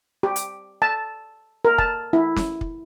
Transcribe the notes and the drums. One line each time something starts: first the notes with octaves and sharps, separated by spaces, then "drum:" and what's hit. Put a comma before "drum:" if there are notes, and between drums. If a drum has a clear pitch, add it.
G4
drum: hi-hat
A5
A#4
A5, drum: kick
E4
drum: snare
drum: kick